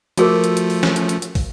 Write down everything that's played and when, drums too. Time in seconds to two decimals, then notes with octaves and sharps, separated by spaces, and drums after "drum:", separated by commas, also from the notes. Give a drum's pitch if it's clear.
0.18 F3 A3 F#4 G#4 A#4, drum: hi-hat
0.44 drum: hi-hat
0.57 drum: hi-hat
0.70 drum: open hi-hat
0.83 drum: snare
0.96 drum: hi-hat
1.09 drum: hi-hat
1.22 drum: hi-hat
1.35 drum: kick, open hi-hat